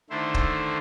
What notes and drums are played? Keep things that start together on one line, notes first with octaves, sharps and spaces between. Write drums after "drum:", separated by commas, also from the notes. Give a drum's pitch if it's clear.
D3 D#3 A3 E4 C5
drum: kick